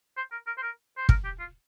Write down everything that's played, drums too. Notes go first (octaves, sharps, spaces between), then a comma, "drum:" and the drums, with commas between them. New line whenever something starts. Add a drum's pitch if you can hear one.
C5
A#4
A#4
C5
A#4
C5
A#4, drum: kick
G4
F4